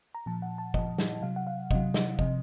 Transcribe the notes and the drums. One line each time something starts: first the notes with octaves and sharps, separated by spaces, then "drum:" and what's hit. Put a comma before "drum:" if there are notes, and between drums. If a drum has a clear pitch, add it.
A#5
A#2 F3 A5
F#5
A5
A#2 F3 D#5, drum: kick
drum: snare
C3 F#3 F5
F#5
F5
C3 F#3 D#5, drum: kick
D#5, drum: snare
C3 F3 D#5, drum: kick